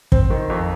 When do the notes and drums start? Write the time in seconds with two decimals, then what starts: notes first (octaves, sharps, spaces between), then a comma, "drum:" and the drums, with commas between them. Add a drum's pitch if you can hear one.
0.12 C4, drum: kick
0.30 D#3
0.50 F2